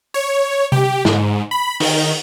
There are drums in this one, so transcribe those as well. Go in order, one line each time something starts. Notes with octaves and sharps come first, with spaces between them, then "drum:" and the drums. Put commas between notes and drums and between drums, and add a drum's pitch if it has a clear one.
C#5
G4, drum: tom C3
G#2, drum: snare
B5
D#3, drum: open hi-hat